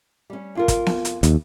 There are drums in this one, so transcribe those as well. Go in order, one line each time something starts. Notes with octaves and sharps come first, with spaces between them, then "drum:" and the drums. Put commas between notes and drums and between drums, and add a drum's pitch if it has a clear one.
G3 C#4
F2 F4 A#4
drum: kick, hi-hat
drum: snare B3
drum: hi-hat
D#2, drum: hi-hat